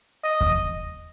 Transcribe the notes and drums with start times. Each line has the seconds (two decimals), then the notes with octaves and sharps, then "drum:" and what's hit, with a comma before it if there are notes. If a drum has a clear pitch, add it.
0.24 D#5
0.41 drum: kick E2